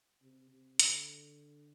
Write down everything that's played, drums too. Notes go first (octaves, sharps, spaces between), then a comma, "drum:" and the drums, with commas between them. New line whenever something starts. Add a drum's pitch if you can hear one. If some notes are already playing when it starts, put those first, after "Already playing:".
C3
C3
D3, drum: hi-hat